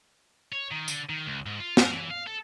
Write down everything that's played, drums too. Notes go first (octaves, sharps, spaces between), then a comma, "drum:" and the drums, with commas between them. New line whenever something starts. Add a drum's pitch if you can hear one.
C#5
D#3
D3, drum: tambourine
D#3
C#2
G#2
F4
A#4, drum: snare
E3
F5
A4